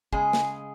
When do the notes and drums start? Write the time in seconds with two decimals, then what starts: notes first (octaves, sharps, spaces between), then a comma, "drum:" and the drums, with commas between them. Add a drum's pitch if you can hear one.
0.13 C#3 G#3 G#4, drum: kick
0.33 drum: snare